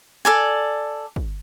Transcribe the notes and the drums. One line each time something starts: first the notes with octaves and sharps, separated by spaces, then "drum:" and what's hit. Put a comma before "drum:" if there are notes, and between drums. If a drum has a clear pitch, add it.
A4 D5 G#5
drum: kick